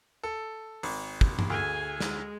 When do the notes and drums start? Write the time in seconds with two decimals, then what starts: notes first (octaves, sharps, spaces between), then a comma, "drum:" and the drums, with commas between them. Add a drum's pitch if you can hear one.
0.23 A4
0.83 G#1, drum: open hi-hat
1.21 drum: kick
1.39 drum: tom G2
1.50 D2 G#4 G#5
2.00 G#3, drum: snare